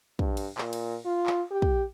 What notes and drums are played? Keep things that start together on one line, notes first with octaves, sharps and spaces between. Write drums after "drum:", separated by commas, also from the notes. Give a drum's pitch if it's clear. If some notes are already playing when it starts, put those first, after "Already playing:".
G2, drum: kick
drum: cymbal
A#2, drum: clap
drum: cymbal
F4
drum: clap
G4
drum: kick